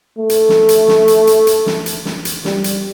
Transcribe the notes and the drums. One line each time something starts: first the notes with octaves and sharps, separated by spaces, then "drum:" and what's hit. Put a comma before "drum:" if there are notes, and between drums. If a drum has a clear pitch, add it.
A3
drum: hi-hat
drum: snare
drum: hi-hat
drum: snare
drum: hi-hat
drum: hi-hat
drum: hi-hat
drum: snare
drum: hi-hat
drum: snare
drum: hi-hat
G3, drum: snare
drum: hi-hat